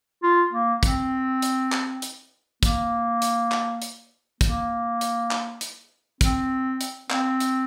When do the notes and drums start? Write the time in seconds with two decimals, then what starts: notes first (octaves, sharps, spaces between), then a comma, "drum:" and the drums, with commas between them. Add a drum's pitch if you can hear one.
0.23 F4
0.53 A#3
0.83 C4, drum: kick, hi-hat
1.42 drum: hi-hat
1.72 drum: clap
2.02 drum: hi-hat
2.63 A#3, drum: kick, hi-hat
3.22 drum: hi-hat
3.52 drum: clap
3.82 drum: hi-hat
4.41 A#3, drum: kick, hi-hat
5.01 drum: hi-hat
5.31 drum: clap
5.61 drum: hi-hat
6.21 C4, drum: kick, hi-hat
6.81 drum: hi-hat
7.10 C4, drum: clap
7.40 drum: hi-hat